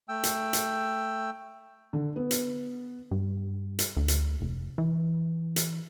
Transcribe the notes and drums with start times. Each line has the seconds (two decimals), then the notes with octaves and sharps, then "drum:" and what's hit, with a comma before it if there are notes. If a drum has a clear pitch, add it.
0.09 A3 G5 E6
0.23 drum: hi-hat
0.53 drum: hi-hat
1.93 D3
2.16 B3
2.31 drum: hi-hat
3.11 G2
3.79 drum: hi-hat
3.97 D2
4.08 drum: hi-hat
4.41 F1
4.78 E3
5.56 drum: hi-hat